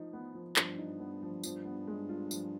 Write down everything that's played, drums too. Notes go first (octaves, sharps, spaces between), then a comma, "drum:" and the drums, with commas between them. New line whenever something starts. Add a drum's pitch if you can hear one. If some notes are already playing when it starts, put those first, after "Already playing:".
Already playing: F3 D#4
B3
F3
G2 F3, drum: clap
D#4
B3
F3
F3, drum: tambourine
B3
G#3
F4
F3, drum: tambourine